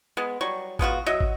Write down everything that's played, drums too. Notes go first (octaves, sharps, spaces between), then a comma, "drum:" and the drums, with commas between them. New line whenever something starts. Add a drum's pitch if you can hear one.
G#3 B3
F#3 G3 C#6
G#3 B3 F4 F#4, drum: kick
F#3 F#4 D#5 E5
drum: kick